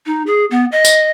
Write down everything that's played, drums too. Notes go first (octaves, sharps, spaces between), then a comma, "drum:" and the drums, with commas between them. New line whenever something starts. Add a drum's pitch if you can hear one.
D#4
G#4
B3
D#5
drum: tambourine